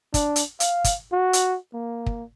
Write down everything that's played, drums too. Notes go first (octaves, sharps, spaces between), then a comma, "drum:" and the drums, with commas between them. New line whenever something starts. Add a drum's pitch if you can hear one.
D4, drum: kick, hi-hat
drum: hi-hat
F5, drum: hi-hat
drum: kick, hi-hat
F#4
drum: hi-hat
A#3
drum: kick